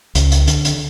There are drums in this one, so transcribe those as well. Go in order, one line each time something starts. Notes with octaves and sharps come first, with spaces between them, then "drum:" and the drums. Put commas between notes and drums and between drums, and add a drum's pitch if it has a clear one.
C#2, drum: hi-hat
drum: hi-hat
D3, drum: hi-hat
drum: hi-hat